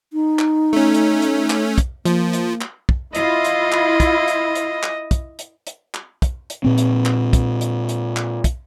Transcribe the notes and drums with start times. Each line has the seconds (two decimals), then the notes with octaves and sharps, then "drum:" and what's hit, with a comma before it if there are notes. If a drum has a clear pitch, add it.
0.13 D#4
0.39 drum: clap
0.73 A3 C#4
0.94 drum: hi-hat
1.22 drum: hi-hat
1.50 drum: clap
1.78 drum: kick, hi-hat
2.05 F3 A#3, drum: hi-hat
2.33 drum: hi-hat
2.61 drum: clap
2.89 drum: kick
3.15 E4 F4 D#5, drum: hi-hat
3.44 drum: hi-hat
3.72 drum: clap
4.00 drum: kick, hi-hat
4.28 drum: hi-hat
4.55 drum: hi-hat
4.83 drum: clap
5.11 drum: kick, hi-hat
5.39 drum: hi-hat
5.67 drum: hi-hat
5.94 drum: clap
6.22 drum: kick, hi-hat
6.50 drum: hi-hat
6.64 A#2 C4
6.78 drum: hi-hat
7.05 drum: clap
7.33 drum: kick, hi-hat
7.61 drum: hi-hat
7.89 drum: hi-hat
8.17 drum: clap
8.44 drum: kick, hi-hat